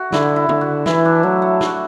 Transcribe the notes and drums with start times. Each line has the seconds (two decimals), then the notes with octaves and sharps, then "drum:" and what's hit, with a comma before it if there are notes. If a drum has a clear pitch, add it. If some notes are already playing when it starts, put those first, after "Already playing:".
Already playing: A3 F#4
0.12 D3 E4, drum: snare
0.36 E4
0.49 D3, drum: tom
0.61 F#4
0.86 E3 E4, drum: snare
1.05 D4
1.23 F#3 A3
1.42 A3
1.61 F#4, drum: snare